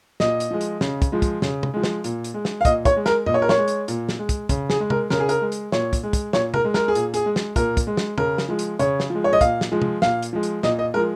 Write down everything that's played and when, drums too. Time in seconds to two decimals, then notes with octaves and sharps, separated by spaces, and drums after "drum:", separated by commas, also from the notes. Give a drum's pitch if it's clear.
0.20 A#2 D#5, drum: snare
0.40 drum: hi-hat
0.51 F3 G#3
0.61 drum: hi-hat
0.81 C#3, drum: snare
1.02 drum: kick, hi-hat
1.12 F3 G#3
1.22 drum: kick, hi-hat
1.42 C#3, drum: snare
1.63 drum: tom
1.74 F3 G#3
1.84 drum: snare
2.04 A#2, drum: hi-hat
2.24 drum: hi-hat
2.34 G#3
2.45 drum: snare
2.61 F5
2.65 A#2 D#5, drum: kick, hi-hat
2.85 C#5, drum: kick, hi-hat
2.96 G#3
3.06 A#4, drum: snare
3.26 A#2 D#5, drum: tom F#2
3.34 C#5
3.42 A#4
3.49 C#5, drum: snare
3.58 G#3
3.68 drum: hi-hat
3.88 A#2, drum: hi-hat
4.09 drum: snare
4.19 G#3
4.29 drum: kick, hi-hat
4.49 C#3, drum: kick, hi-hat
4.70 G#4, drum: snare
4.80 G#3
4.90 A#4, drum: tom
5.10 C#3 A#4, drum: snare
5.20 G#4
5.29 A#4, drum: hi-hat
5.42 G#3
5.52 drum: hi-hat
5.72 A#2 C#5, drum: snare
5.93 drum: kick, hi-hat
6.03 G#3
6.13 drum: kick, hi-hat
6.33 A#2 C#5, drum: snare
6.54 A#4, drum: tom
6.64 G#3
6.74 A#4, drum: snare
6.88 G#4
6.95 A#2, drum: hi-hat
7.14 G#4, drum: hi-hat
7.26 G#3
7.36 drum: snare
7.56 A#2 A#4, drum: kick, hi-hat
7.77 drum: kick, hi-hat
7.87 G#3
7.97 drum: snare
8.18 C#3 A#4, drum: tom
8.38 drum: snare
8.48 F3 G#3
8.59 drum: hi-hat
8.79 C#3 C#5, drum: hi-hat
9.00 drum: snare
9.10 F3
9.15 G#3
9.24 C#5
9.33 D#5
9.41 A#2 F5, drum: kick, hi-hat
9.61 drum: snare
9.72 F3 G#3
9.82 drum: tom
10.02 A#2 F5, drum: snare
10.23 drum: hi-hat
10.33 F3 G#3
10.43 drum: hi-hat
10.63 A#2 D#5, drum: snare
10.79 D#5
10.94 F3 G#3 A#4